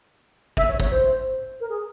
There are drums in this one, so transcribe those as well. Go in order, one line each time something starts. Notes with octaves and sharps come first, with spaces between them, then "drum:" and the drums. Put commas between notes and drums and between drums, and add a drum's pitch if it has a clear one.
E5, drum: kick
C#5
C#5, drum: kick
C5
A#4
G#4